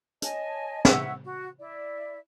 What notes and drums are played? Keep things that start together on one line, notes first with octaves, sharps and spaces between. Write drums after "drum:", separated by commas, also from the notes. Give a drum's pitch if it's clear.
C#5 D#5 G#5 A5, drum: hi-hat
E4 F#5 C#6 E6, drum: snare
F#4
E4 D5